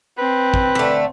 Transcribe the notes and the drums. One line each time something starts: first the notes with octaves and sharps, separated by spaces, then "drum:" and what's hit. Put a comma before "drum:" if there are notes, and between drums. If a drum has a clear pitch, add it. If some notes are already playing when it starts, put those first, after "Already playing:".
C4 B4
drum: kick
D3 A3